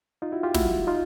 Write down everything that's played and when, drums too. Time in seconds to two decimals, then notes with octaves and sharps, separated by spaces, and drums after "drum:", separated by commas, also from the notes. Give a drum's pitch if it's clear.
0.22 D#4 F4
0.32 E4 F#4
0.43 F4 G4
0.54 E4 F#4, drum: snare
0.87 D#4 F4